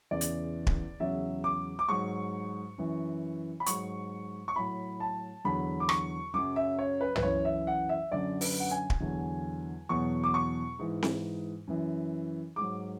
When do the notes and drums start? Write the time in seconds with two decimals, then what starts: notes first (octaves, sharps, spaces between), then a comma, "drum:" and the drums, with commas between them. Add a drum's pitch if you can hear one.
0.11 E2 C#3 E3 D5
0.21 drum: hi-hat
0.67 drum: kick
1.00 E2 C#3 F#3 E5
1.44 D6
1.79 D6
1.89 G#2 F#3 C#6
2.78 F#2 E3
3.60 B5
3.66 G#2 F#3 C#6, drum: hi-hat
4.48 C#6
4.56 A2 F#3 B5
5.00 A5
5.45 E2 D3 F#3 B5
5.80 D6
5.89 C#6, drum: rim click
6.34 F#2 C#3 F#3 D6
6.56 E5
6.79 C#5
7.01 B4
7.16 B4, drum: tom
7.23 F#2 E3 C#5
7.45 E5
7.67 F#5
7.89 E5
8.12 F#2 D3 F#3 D5
8.41 B4, drum: open hi-hat
8.60 F#5
8.71 G#5
8.90 drum: kick
9.00 E2 D3 F#3
9.89 E2 B2 F#3 C#6
10.24 D6
10.34 C#6
10.79 G#2 E3
11.03 drum: snare C4
11.67 F#2 E3
12.56 G#2 F#3 D6